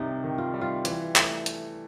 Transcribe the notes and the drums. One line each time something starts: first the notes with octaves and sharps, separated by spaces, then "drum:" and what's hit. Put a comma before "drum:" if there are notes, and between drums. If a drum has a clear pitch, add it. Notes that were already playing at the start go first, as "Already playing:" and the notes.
Already playing: C2 C3 D#3 G3 D#4
D#3
F4
G3
F4
E3, drum: hi-hat
A3, drum: clap
drum: hi-hat